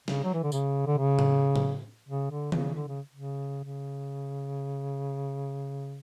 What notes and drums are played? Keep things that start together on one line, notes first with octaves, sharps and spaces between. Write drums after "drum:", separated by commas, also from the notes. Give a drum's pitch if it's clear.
C#3, drum: snare
F#3
E3
D3
C#3, drum: tambourine
D3
C#3
drum: tom A2
drum: tom A2
C#3
D3
C#3, drum: tom D#3
D3
C#3
C#3
C#3